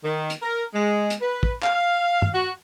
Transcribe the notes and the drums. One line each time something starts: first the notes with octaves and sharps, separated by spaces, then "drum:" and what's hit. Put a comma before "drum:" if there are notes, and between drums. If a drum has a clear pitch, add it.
D#3
drum: hi-hat
A#4
G#3
drum: hi-hat
B4
drum: kick
F5, drum: clap
drum: tom
F#4